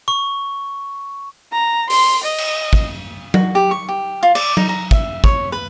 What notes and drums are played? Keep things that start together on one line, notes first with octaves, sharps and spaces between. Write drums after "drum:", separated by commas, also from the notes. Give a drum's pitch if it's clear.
C#6
A#5
C6, drum: open hi-hat
D#5
drum: cymbal
drum: kick
F#4, drum: tom F#3
G4
C#6
G4
F4
D5, drum: cymbal
D#4, drum: tom F#3
A#5
E5, drum: kick
C#5, drum: kick
B4